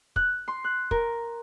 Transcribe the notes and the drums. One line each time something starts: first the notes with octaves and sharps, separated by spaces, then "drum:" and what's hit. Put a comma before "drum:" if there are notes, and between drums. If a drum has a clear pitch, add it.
F#6, drum: kick
C6
F#6
A#4, drum: kick